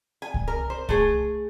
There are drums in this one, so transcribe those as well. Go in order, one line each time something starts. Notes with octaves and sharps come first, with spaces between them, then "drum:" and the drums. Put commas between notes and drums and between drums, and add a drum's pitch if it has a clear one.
G#5
drum: kick C2
A#4
C5
A3 G#4, drum: kick C2